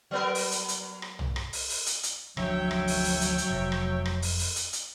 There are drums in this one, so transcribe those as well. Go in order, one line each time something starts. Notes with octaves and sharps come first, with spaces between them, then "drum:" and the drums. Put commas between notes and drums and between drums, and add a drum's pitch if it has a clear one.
F#3 B3 A#4
drum: open hi-hat
drum: hi-hat
drum: hi-hat
drum: rim click
drum: tom
drum: rim click
drum: open hi-hat
drum: open hi-hat
drum: hi-hat
drum: hi-hat
D2 F3 F#3 D4 C#5 E5 G5, drum: rim click
drum: rim click
drum: open hi-hat
drum: open hi-hat
drum: hi-hat
drum: hi-hat
F1 F2
drum: rim click
drum: rim click
drum: open hi-hat
drum: open hi-hat
drum: hi-hat
drum: hi-hat